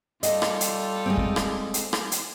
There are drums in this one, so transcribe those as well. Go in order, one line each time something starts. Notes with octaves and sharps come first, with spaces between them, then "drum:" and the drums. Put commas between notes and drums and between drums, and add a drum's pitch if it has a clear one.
G3 F4 A4 D#5, drum: hi-hat
drum: rim click
drum: hi-hat
G#3 A3 C4
drum: kick
drum: rim click
drum: hi-hat
drum: rim click
drum: hi-hat